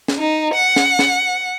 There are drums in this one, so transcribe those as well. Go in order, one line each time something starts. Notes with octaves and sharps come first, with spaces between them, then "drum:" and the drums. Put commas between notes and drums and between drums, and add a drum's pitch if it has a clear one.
drum: snare
D#4
F#5
drum: snare
drum: snare